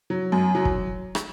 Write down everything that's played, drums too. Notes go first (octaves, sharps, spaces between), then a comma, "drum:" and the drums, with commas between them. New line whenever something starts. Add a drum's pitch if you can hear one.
F#3
F#2
F#3
drum: kick
drum: rim click